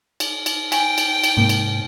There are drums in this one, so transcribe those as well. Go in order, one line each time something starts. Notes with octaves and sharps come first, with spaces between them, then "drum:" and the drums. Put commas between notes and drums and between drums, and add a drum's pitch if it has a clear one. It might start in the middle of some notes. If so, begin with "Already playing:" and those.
drum: cymbal
drum: cymbal
G5 G#5, drum: cymbal
drum: cymbal
drum: cymbal
G#2 C3 A#3
drum: cymbal